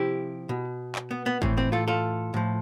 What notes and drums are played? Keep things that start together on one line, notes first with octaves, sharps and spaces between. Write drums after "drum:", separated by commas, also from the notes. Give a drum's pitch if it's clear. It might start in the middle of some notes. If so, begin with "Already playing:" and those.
Already playing: C3 F3 E4 G4
B2
drum: clap
B3
B3
A2 E3 C4, drum: kick
C4
F4 A4
F4 A4
A2 F3